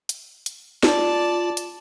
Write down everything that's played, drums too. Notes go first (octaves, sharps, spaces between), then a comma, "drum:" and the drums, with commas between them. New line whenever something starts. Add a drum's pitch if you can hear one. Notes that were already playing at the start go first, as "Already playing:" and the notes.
drum: hi-hat
drum: hi-hat
F4 D5 A5, drum: snare
drum: hi-hat